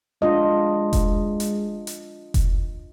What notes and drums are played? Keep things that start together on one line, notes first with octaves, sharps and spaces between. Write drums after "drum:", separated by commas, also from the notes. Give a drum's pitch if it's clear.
G#3 D4 F4 D#5
drum: kick F1, hi-hat
drum: hi-hat
drum: hi-hat
drum: kick F1, hi-hat